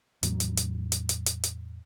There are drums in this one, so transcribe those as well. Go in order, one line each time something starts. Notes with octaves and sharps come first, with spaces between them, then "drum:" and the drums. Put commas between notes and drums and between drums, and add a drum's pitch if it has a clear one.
E2 A2 F#3, drum: hi-hat
drum: hi-hat
drum: hi-hat
drum: hi-hat
drum: hi-hat
drum: hi-hat
drum: hi-hat